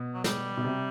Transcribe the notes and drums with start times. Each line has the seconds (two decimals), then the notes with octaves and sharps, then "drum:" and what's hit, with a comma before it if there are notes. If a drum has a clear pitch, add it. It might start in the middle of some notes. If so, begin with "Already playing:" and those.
Already playing: B2
0.14 F#3
0.24 G3, drum: snare
0.57 B2
0.64 C3